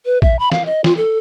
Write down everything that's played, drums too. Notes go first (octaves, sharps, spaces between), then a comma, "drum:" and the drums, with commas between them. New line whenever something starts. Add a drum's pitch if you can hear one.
B4
E5, drum: kick
B5
F5, drum: snare
D#5
F4, drum: snare
A4